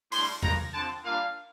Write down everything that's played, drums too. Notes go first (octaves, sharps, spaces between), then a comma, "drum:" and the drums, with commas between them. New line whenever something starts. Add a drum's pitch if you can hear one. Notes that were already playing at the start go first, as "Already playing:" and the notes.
A2 G3 D4 C6, drum: open hi-hat
G2 F3 A#3 A#5, drum: tom E2
D3 F3 C4 A5
A#2 G3 D4 F5